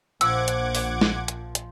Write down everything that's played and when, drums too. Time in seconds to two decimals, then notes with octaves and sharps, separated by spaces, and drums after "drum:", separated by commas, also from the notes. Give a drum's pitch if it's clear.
0.21 A#1 F3 F#5 D6 E6 G#6, drum: hi-hat
0.48 drum: hi-hat
0.75 drum: open hi-hat
1.01 drum: snare
1.28 drum: hi-hat
1.55 drum: hi-hat